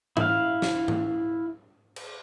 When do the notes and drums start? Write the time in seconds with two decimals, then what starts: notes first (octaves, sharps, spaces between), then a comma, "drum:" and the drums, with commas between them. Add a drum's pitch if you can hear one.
0.17 E4 F5, drum: tom
0.62 drum: snare
0.88 drum: tom
1.96 drum: cymbal